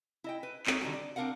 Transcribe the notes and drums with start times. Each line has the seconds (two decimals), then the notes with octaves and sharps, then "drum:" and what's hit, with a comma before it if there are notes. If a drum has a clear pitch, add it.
0.24 E4 D#5 G5
0.43 B4
0.66 C4 D#4 C#5, drum: clap
0.81 D3 D#3 G3 A3 F#4
0.93 D5
1.16 C4 D4 E4 A#4 F5 F#5